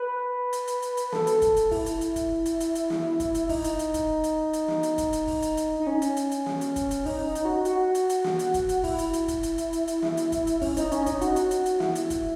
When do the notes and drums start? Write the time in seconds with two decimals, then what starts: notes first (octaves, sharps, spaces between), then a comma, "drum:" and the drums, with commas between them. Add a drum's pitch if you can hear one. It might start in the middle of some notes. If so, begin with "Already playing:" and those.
Already playing: B4
0.53 drum: hi-hat
0.67 drum: hi-hat
0.82 drum: hi-hat
0.97 drum: hi-hat
1.12 A4, drum: snare
1.27 drum: hi-hat
1.42 drum: kick, hi-hat
1.56 drum: hi-hat
1.71 E4, drum: kick, open hi-hat
1.86 drum: hi-hat
2.01 drum: hi-hat
2.16 drum: kick, hi-hat
2.46 drum: hi-hat
2.60 drum: hi-hat
2.75 drum: hi-hat
2.90 drum: snare
3.20 drum: kick, hi-hat
3.35 drum: hi-hat
3.49 D#4, drum: kick, open hi-hat
3.64 drum: hi-hat
3.79 drum: hi-hat
3.94 drum: kick, hi-hat
4.24 drum: hi-hat
4.53 drum: hi-hat
4.68 drum: snare
4.83 drum: hi-hat
4.98 drum: kick, hi-hat
5.13 drum: hi-hat
5.27 drum: kick, open hi-hat
5.42 drum: hi-hat
5.57 drum: hi-hat
5.80 D#4
5.87 C#4
6.02 drum: hi-hat
6.17 drum: hi-hat
6.31 drum: hi-hat
6.46 drum: snare
6.61 drum: hi-hat
6.76 drum: kick, hi-hat
6.91 drum: hi-hat
7.06 D#4, drum: kick, open hi-hat
7.26 D#4
7.35 drum: hi-hat
7.45 F#4
7.65 F#4, drum: hi-hat
7.95 drum: hi-hat
8.09 drum: hi-hat
8.24 drum: snare
8.39 drum: hi-hat
8.54 drum: kick, hi-hat
8.69 drum: hi-hat
8.84 E4, drum: kick, open hi-hat
8.99 drum: hi-hat
9.13 drum: hi-hat
9.28 drum: kick, hi-hat
9.43 drum: hi-hat
9.58 drum: hi-hat
9.73 drum: hi-hat
9.88 drum: hi-hat
10.02 drum: snare
10.17 drum: hi-hat
10.32 drum: kick, hi-hat
10.47 drum: hi-hat
10.61 C#4, drum: kick, open hi-hat
10.77 D#4, drum: hi-hat
10.92 C#4, drum: hi-hat
11.06 D#4, drum: kick, hi-hat
11.21 F#4, drum: hi-hat
11.36 drum: hi-hat
11.51 drum: hi-hat
11.66 drum: hi-hat
11.80 E4, drum: snare
11.95 drum: hi-hat
12.10 drum: kick, hi-hat